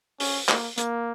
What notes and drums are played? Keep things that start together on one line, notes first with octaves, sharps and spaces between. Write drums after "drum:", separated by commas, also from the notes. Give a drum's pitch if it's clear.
C#4, drum: open hi-hat
A#3, drum: clap
A#3, drum: hi-hat